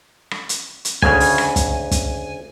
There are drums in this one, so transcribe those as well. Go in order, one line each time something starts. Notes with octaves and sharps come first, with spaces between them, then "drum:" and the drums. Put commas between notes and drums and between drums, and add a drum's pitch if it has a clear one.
drum: rim click
drum: hi-hat
drum: hi-hat
D2 C#3 G#5, drum: kick
drum: open hi-hat
drum: rim click
drum: kick, hi-hat
drum: kick, hi-hat